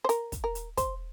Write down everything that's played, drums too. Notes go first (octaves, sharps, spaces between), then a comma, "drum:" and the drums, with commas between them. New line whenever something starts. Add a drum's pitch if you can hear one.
C5
A#4, drum: hi-hat
drum: kick, hi-hat
A#4
drum: hi-hat
C5, drum: kick, hi-hat